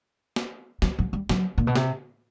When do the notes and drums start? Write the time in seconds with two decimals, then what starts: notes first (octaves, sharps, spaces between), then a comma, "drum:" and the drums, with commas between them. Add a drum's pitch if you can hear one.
0.36 drum: snare
0.82 F#3, drum: snare
0.99 F#3
1.13 G3
1.29 F#3, drum: snare
1.58 A#2
1.67 B2
1.76 C3, drum: snare